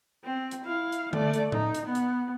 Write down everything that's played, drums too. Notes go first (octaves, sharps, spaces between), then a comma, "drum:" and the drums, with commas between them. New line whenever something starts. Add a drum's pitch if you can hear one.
C4
drum: hi-hat
E4 F5
drum: hi-hat
A3 D5, drum: tom D3
drum: hi-hat
D#4, drum: tom A2
drum: hi-hat
B3
drum: hi-hat